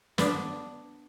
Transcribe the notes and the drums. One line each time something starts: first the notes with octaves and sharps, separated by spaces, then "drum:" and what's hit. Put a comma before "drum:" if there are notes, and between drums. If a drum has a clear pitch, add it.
B3 D4, drum: snare